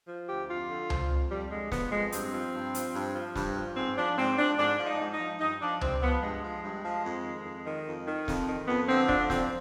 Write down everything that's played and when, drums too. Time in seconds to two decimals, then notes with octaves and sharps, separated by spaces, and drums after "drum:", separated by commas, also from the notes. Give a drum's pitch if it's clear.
0.08 F3
0.29 D2 G4
0.50 F2 F4
0.69 D3
0.90 F3, drum: tom C#2
1.10 F2
1.31 F2 G3
1.52 D3 G#3
1.72 F3 B3, drum: snare
1.92 F2 G#3
2.12 G2 C4, drum: hi-hat
2.34 F3
2.54 G2
2.75 F3, drum: hi-hat
2.95 G2
3.15 F3
3.35 G2, drum: snare
3.56 F3
3.77 G#2 C4
3.98 F3 D4
4.18 G#2 C4
4.39 F3 D4
4.58 G#2 D4
4.79 F3
4.87 D#4
5.00 G#2
5.14 D#4
5.20 F3
5.40 G2 D#4
5.62 F3 D4
5.81 G2 C4, drum: tom C#2
6.02 F3 B3
6.22 G2 G#3
6.43 F3
6.63 G2
6.85 F3
7.05 F2
7.25 D#3
7.45 F2
7.67 D#3
7.86 F2
8.07 D#3
8.28 F2, drum: snare
8.48 D#3
8.68 F2 B3
8.88 D3 C4
9.09 F3 D4, drum: kick
9.30 F2 C4, drum: snare